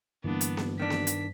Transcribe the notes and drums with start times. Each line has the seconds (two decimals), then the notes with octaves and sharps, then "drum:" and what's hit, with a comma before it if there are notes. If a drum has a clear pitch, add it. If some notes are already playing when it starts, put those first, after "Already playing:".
0.24 G2 D3 E3 G3 A#3 B3 D4
0.41 drum: hi-hat
0.57 drum: snare B3
0.80 D#3 D4 B6
0.90 drum: snare B3
1.07 drum: hi-hat